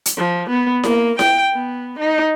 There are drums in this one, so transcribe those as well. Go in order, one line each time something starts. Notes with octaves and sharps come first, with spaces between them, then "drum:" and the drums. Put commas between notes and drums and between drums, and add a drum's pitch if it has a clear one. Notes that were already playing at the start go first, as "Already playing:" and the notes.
drum: hi-hat
F3
B3
A#3, drum: snare E4
G5, drum: snare E4
B3
D#4